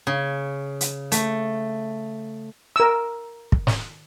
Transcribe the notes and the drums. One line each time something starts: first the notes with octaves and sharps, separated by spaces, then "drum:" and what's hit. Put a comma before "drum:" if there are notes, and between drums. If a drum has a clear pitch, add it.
C#3
drum: hi-hat
A3, drum: hi-hat
A#4 E6
drum: kick
drum: snare